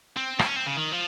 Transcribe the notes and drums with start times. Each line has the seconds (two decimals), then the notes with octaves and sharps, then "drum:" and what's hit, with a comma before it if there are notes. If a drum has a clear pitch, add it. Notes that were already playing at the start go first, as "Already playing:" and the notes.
0.17 C4
0.39 C4, drum: rim click
0.46 C#4
0.56 C4
0.67 C#3
0.77 D#3
0.92 F3